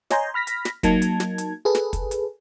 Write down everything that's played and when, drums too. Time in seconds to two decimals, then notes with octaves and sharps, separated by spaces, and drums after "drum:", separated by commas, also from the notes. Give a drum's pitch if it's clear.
0.10 C#5 D#5 G#5 A#5 C6 G6, drum: snare
0.34 B5 F6 A#6 B6
0.47 drum: hi-hat
0.65 drum: snare
0.83 F#3 A#3 D#4 A5 G#6, drum: kick, hi-hat
1.02 drum: hi-hat
1.20 drum: snare
1.38 drum: hi-hat
1.65 G#4 A4 B4
1.75 drum: snare
1.93 drum: kick, hi-hat
2.11 drum: hi-hat